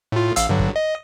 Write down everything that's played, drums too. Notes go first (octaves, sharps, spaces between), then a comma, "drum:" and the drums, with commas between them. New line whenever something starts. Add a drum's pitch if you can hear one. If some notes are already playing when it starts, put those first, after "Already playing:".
A2 F4
A1 F5 E6, drum: hi-hat
G2 D3 F#3
drum: kick
D#5